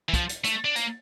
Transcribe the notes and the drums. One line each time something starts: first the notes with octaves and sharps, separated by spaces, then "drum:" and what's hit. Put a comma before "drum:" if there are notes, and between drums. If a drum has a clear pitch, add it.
E3
F3, drum: kick, hi-hat
drum: hi-hat
A3, drum: hi-hat
D4
A#3, drum: hi-hat